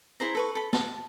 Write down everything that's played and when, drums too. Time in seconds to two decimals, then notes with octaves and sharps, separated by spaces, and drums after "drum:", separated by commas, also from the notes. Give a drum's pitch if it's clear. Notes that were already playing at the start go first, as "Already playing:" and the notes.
0.20 E4 G#4 C5 A#5
0.35 A4 B4 C#6
0.55 A4 B5
0.73 A5, drum: snare